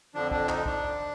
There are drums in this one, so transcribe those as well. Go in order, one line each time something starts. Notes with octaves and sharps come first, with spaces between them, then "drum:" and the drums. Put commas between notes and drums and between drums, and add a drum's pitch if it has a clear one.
F2 D3 F3 D4
D4, drum: kick
D#4, drum: clap
D4, drum: kick